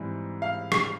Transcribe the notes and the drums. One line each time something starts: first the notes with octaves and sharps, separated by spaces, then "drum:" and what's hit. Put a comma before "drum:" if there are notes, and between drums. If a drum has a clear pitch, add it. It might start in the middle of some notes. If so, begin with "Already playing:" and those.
Already playing: G#2 E3 G3 C4
F5
drum: rim click